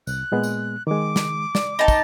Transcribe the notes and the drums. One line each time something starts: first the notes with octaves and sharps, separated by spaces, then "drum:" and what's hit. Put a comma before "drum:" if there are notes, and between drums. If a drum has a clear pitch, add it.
C2 F#6, drum: tambourine
A#2 G#3 B3
drum: tambourine
D#3 G#3 D6
drum: snare
D5, drum: snare
D#4 A5 B5
drum: kick, tambourine